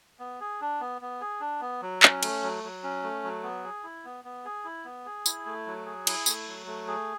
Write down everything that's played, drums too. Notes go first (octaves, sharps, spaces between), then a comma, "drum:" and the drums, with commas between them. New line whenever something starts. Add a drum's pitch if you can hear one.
B3
G#4
D4
B3
B3
G#4
D4
B3
F#3
C#4, drum: clap
A3, drum: cymbal
F#3
F#3
C#4
A3
F#3
B3
G#4
E4
B3
B3
G#4
E4
B3
G#4
E4, drum: tambourine
A3
F#3
G#4
E4, drum: cymbal
A3, drum: tambourine
F#3
A3
G#4